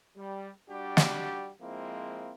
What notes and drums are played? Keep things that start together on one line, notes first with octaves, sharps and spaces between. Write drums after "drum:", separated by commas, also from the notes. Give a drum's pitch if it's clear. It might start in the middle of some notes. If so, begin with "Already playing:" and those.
G3
G3 D4 F#4 G4
drum: snare
F3 G#3 A#3 C4 E4